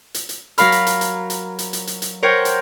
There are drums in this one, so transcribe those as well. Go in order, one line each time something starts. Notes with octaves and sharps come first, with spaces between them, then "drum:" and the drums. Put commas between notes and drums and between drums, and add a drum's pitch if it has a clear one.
drum: hi-hat
drum: hi-hat
F#3 A#4 F5 B5 F6, drum: hi-hat
drum: hi-hat
drum: hi-hat
drum: hi-hat
drum: hi-hat
drum: hi-hat
drum: hi-hat
drum: hi-hat
drum: hi-hat
A#4 C5 C#5 F#5 G5
drum: hi-hat